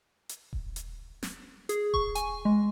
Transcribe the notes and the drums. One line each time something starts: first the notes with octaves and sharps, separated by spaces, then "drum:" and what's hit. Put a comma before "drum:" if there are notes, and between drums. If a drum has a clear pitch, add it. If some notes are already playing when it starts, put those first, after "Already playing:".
drum: hi-hat
drum: kick D#1
drum: hi-hat
drum: snare
G#4, drum: hi-hat
C#6, drum: kick D#1
G#5, drum: hi-hat
G#3